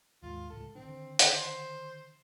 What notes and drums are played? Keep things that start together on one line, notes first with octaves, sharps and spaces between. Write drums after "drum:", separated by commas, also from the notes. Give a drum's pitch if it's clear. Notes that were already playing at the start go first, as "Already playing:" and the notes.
D#2 G#2 F4
D1 C#2 A2 A4
D3 D#3 C4 D4
drum: hi-hat
C5